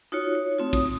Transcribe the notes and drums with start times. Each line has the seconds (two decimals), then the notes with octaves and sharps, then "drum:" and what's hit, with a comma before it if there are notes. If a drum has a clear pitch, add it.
0.12 D#4 F4 F#4 C#5
0.35 C#5
0.58 A3 C4 D#4 F4
0.73 D#6, drum: kick, cymbal